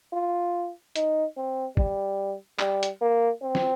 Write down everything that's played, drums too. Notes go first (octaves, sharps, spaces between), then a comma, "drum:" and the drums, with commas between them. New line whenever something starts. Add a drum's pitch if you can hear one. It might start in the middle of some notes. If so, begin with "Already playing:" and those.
F4
D#4, drum: hi-hat
C4
G3, drum: kick
G3, drum: clap
drum: hi-hat
A#3
C4
drum: snare